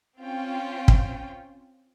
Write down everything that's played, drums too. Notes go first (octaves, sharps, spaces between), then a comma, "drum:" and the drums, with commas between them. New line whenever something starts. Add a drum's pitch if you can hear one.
C4 C#4 F4 G5
drum: kick